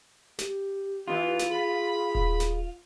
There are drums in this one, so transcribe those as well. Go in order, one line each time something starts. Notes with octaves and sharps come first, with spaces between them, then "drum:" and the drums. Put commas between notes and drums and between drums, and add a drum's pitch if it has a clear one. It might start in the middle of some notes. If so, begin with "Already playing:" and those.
G4, drum: snare
E3 B3 F4
drum: snare
G#4 B5
drum: kick D#1
drum: snare